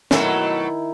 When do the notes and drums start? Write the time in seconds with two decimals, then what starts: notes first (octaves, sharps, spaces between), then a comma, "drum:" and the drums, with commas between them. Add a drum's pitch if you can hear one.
0.11 B2 D#3 F#3 A3 E4, drum: snare